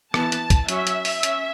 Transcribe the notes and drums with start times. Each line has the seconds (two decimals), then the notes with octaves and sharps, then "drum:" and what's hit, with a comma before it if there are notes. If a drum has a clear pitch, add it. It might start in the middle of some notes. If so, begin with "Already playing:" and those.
0.14 E3 B3 A5, drum: rim click
0.32 drum: hi-hat
0.50 drum: kick, hi-hat
0.69 F#3 C#4 E5, drum: hi-hat
0.87 drum: hi-hat
1.05 drum: open hi-hat
1.23 C#4, drum: hi-hat